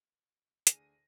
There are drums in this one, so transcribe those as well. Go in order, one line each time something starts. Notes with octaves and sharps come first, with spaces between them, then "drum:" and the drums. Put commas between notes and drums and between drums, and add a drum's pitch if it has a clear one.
D2 G#4 G#5 A#6 D#7, drum: hi-hat